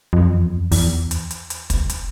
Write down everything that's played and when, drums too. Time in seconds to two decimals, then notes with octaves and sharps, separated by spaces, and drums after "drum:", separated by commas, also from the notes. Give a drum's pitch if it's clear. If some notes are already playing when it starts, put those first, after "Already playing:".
0.13 F2
0.32 E2
0.52 F2
0.72 E2, drum: open hi-hat
1.11 drum: hi-hat
1.31 drum: hi-hat
1.50 drum: hi-hat
1.70 drum: kick, hi-hat
1.90 drum: hi-hat